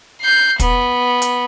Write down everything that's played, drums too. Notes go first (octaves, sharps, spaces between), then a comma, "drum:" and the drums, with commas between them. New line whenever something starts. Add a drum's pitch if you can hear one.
G6 C7
B3, drum: kick, hi-hat
drum: hi-hat